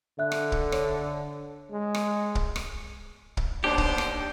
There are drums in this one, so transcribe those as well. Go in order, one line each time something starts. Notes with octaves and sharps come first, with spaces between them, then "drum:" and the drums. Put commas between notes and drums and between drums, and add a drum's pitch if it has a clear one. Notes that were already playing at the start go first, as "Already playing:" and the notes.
D3 E5 F#6
drum: rim click
drum: kick
C#5, drum: rim click
G#3
drum: rim click
drum: kick
drum: rim click
drum: kick
D#2 B3 D4 G4 C5
drum: kick
drum: rim click